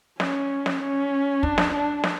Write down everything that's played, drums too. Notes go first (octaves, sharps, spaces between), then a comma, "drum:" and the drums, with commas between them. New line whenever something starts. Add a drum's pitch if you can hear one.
C#4, drum: snare
drum: snare
C#4
D4, drum: kick
drum: snare
D4
drum: snare